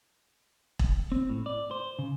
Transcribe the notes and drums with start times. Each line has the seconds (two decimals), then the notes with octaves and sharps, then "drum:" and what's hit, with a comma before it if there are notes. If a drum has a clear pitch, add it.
0.79 drum: kick E1
1.12 C4
1.29 A2
1.46 D5
1.71 C5
1.99 C#3